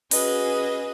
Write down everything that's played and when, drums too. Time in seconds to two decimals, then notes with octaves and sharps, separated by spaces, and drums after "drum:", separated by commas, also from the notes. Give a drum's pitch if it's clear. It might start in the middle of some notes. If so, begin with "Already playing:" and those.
0.11 C#4 F#4 G#4 B4 D#5, drum: open hi-hat